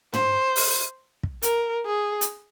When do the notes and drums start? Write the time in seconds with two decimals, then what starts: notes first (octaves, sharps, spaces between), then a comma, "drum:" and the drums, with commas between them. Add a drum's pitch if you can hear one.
0.13 C5, drum: tom
0.56 drum: open hi-hat
1.23 drum: kick
1.42 A#4, drum: hi-hat
1.86 G#4
2.21 drum: hi-hat